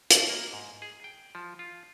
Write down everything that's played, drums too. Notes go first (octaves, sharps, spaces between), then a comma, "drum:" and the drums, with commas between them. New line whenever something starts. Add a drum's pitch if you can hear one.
B2, drum: hi-hat
A#3
G#2
G#4
G5
F3
F4